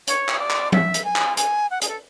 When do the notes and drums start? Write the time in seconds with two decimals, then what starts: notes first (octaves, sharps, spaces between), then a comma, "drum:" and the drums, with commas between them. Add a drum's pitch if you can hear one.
0.07 C#5, drum: hi-hat
0.29 drum: clap
0.39 D5
0.50 drum: clap
0.72 E5, drum: tom F3
0.94 drum: hi-hat
1.04 G#5
1.16 drum: clap
1.37 G#5, drum: hi-hat
1.70 F#5
1.81 G#4, drum: hi-hat
1.88 A4